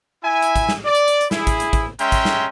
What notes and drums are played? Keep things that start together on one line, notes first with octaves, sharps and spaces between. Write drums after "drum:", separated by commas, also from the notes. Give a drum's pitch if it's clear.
E4 E5 G#5
drum: hi-hat
drum: kick A1, hi-hat
drum: snare
D5
drum: hi-hat
drum: hi-hat
drum: hi-hat
E4 G#4, drum: snare
drum: kick A1, hi-hat
drum: hi-hat
drum: kick A1, hi-hat
G#3 C#4 E5 G5 A#5 C6, drum: hi-hat
drum: kick A1, hi-hat
drum: snare